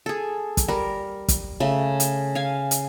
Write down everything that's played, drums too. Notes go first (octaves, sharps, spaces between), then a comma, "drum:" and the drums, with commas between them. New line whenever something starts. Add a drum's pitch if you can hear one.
G#4 A4
drum: kick, hi-hat
G3 A#4
drum: kick, hi-hat
C#3 A3
drum: hi-hat
F5 G#5
drum: hi-hat